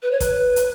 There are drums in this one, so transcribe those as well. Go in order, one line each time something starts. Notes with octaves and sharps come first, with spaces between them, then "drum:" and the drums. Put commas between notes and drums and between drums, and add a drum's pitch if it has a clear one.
B4
C#5
B4, drum: kick, hi-hat
drum: hi-hat